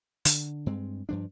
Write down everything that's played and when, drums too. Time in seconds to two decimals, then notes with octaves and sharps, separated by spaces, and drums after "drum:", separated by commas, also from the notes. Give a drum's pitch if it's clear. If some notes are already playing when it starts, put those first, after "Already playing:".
0.25 D3, drum: hi-hat
0.66 G2 G#3 C4
1.09 G2 F3 D4